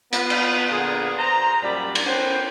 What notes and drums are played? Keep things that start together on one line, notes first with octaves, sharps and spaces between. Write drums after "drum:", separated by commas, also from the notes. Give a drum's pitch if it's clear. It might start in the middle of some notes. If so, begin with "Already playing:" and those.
B3 F4, drum: hi-hat
drum: cymbal
A#2 D3 B3 G#4
C5 A#5
F#2 A#2 G3 D5 B5
drum: cymbal
B3 C#4 C5 F#5 G5